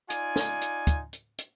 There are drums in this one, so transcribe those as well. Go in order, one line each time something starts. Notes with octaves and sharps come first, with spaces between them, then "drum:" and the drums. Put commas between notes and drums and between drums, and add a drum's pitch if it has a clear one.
D#4 F4 D5 G#5, drum: hi-hat
drum: snare
drum: hi-hat
drum: kick, hi-hat
drum: hi-hat
drum: hi-hat